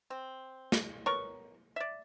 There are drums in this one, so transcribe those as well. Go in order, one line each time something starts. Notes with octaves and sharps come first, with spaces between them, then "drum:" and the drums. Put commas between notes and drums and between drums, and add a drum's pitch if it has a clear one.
C4
drum: snare
B3 A#4 C#5 C#6
D5 E5